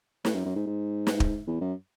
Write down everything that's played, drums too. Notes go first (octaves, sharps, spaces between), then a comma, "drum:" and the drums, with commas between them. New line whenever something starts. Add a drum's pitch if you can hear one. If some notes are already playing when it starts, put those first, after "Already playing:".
A2, drum: snare
F#2
F#2
G#2
G#2
drum: snare
drum: kick
E2
F#2